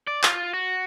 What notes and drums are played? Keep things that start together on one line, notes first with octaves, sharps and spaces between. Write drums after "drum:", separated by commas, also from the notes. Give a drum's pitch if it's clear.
D5
F4, drum: clap
F#4